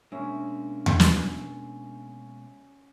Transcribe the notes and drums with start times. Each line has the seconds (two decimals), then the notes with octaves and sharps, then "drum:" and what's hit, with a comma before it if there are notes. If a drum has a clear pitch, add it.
0.12 B2 G#3 A#3 C#4 D4 E5
0.86 drum: tom E2
1.00 drum: snare